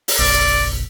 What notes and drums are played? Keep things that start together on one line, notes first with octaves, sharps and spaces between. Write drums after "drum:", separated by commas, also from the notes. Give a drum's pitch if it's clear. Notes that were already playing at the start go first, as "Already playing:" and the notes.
drum: open hi-hat
F#1 B1 D5